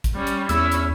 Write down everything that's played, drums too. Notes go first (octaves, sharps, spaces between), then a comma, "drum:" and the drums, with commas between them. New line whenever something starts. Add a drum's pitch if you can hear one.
drum: kick A#1, hi-hat
G3 C#4
drum: hi-hat
E2 C#4 E4 E6, drum: hi-hat
drum: hi-hat